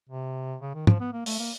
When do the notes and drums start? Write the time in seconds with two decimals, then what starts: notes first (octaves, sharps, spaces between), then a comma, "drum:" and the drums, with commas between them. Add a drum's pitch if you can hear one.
0.10 C3
0.61 C#3
0.75 D#3
0.87 F3, drum: tom
1.00 B3
1.13 A#3
1.26 A3, drum: open hi-hat
1.39 A#3